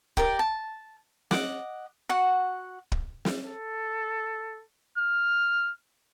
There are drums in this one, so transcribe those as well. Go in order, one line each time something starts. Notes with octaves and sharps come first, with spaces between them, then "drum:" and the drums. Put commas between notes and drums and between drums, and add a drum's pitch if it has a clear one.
G4 A#4 D5, drum: kick
A5
D#5 F#5 D6, drum: snare
F#4 F#5
drum: kick
drum: snare
A4
F6